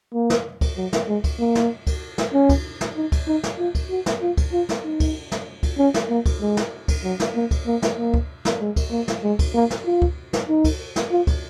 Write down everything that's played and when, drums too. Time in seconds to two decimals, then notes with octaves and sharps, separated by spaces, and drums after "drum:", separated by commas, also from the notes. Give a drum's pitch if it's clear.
0.14 A#3
0.30 drum: snare
0.61 drum: kick, cymbal
0.77 F#3
0.93 drum: snare
1.08 G#3
1.24 drum: kick, cymbal
1.40 A#3
1.55 drum: snare
1.87 drum: kick, cymbal
2.18 drum: snare
2.34 C#4
2.49 drum: kick, cymbal
2.81 drum: snare
2.96 D#4
3.12 drum: kick, cymbal
3.28 D#4
3.43 drum: snare
3.59 F4
3.75 drum: kick, cymbal
3.90 F#4
4.06 drum: snare
4.22 F4
4.38 drum: kick, cymbal
4.53 F4
4.69 drum: snare
4.85 D#4
5.00 drum: kick, cymbal
5.32 drum: snare
5.63 drum: kick, cymbal
5.79 C#4
5.94 drum: snare
6.10 A#3
6.26 drum: kick, cymbal
6.41 G#3
6.57 drum: snare
6.88 drum: kick, cymbal
7.04 F#3
7.20 drum: snare
7.35 A#3
7.51 drum: kick, cymbal
7.67 A#3
7.82 drum: snare
7.98 A#3
8.14 drum: kick
8.45 drum: snare
8.61 G#3
8.76 drum: kick, cymbal
8.91 A#3
9.08 drum: snare
9.24 G#3
9.39 drum: kick, cymbal
9.55 A#3
9.70 drum: snare
9.86 F4
10.02 drum: kick
10.33 drum: snare
10.49 D#4
10.65 drum: kick, cymbal
10.96 drum: snare
11.12 F4
11.27 drum: kick, cymbal